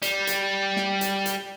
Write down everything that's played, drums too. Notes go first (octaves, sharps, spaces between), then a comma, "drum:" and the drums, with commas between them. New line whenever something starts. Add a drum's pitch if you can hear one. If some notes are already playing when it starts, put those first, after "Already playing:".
G3, drum: hi-hat
drum: hi-hat
drum: snare
drum: hi-hat
drum: hi-hat